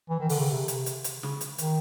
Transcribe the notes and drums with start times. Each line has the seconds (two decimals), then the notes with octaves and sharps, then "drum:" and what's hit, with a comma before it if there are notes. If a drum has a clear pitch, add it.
0.10 E3
0.20 D#3
0.29 D3, drum: open hi-hat
0.39 C#3
0.50 C3
0.68 drum: hi-hat
0.86 drum: hi-hat
1.04 drum: hi-hat
1.23 C#3, drum: snare
1.41 drum: hi-hat
1.58 D#3, drum: hi-hat